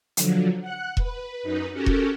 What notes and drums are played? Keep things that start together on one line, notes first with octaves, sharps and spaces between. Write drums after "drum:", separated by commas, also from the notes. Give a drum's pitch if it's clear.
D3 F3 F#3, drum: hi-hat
F#5 F#6
B4, drum: kick E1
F#2 D#4 B4
C#4 F#4 G4 A4 A#4
drum: kick E1